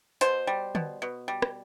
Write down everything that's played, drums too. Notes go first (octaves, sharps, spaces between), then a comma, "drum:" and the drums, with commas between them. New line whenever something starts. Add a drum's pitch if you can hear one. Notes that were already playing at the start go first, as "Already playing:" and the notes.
B2 C5, drum: hi-hat
G3
B2, drum: tom
B2
G3
drum: rim click